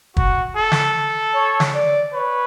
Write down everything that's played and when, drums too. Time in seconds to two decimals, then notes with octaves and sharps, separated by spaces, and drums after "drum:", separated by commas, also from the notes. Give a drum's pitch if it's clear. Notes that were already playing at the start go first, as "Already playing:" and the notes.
0.17 F#4, drum: kick
0.56 A4
0.72 drum: snare
1.35 C#5
1.60 drum: snare
1.75 D5
2.14 B4 C#5